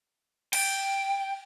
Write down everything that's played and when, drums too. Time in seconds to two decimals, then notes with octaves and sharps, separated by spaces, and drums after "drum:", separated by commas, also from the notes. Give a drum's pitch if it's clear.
0.53 G5, drum: cymbal